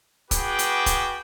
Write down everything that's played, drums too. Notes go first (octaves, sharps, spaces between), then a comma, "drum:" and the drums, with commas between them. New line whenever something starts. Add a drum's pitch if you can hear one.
B3 F#4 G#4 B4 G5 D6, drum: kick, hi-hat
drum: hi-hat
drum: kick, hi-hat